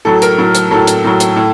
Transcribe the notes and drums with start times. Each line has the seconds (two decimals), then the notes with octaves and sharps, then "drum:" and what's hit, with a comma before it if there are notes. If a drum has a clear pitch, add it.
0.05 A2 F#3 A4
0.22 A#4, drum: hi-hat
0.38 A2 F#3
0.55 drum: hi-hat
0.71 A2 F#3 A4
0.87 drum: hi-hat
1.04 A2 F#3
1.20 drum: hi-hat
1.36 A2